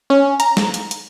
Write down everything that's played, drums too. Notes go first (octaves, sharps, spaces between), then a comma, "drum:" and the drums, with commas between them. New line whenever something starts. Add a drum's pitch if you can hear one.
C#4
A#5, drum: hi-hat
drum: snare
drum: hi-hat
drum: hi-hat